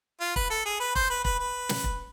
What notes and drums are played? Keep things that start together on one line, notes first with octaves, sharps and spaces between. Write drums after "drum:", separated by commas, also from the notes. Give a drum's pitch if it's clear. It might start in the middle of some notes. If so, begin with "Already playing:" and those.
F4
B4, drum: kick
A4
G#4
B4
C5, drum: kick
B4
B4, drum: kick
B4
drum: snare
drum: kick